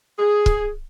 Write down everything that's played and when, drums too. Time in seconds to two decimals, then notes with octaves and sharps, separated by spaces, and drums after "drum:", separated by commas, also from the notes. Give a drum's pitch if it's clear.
0.19 G#4
0.46 drum: kick